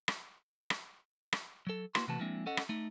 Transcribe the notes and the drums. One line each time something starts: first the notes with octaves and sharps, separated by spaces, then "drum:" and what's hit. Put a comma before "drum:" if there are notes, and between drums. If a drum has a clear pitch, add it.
drum: rim click
drum: rim click
drum: rim click
F#3 A4
A#3 B3 E4 F#4 C6, drum: rim click
C3 E3 A3 B3 F#4 A5
F3 G#3 A#3 C4 D4 E4
C#4 A4 D#5 F#5
drum: rim click
A3 D#4